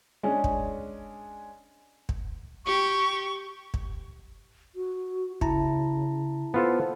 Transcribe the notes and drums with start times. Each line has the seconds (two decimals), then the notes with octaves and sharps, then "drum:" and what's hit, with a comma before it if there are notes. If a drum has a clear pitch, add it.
0.23 G#3 C#4 D4 G#4
0.44 drum: kick
2.09 drum: kick
2.65 G4 C#6
3.74 drum: kick
4.75 F#4
5.41 C#3 E4 A5 A#5, drum: kick
6.54 B3 F4 A4 C5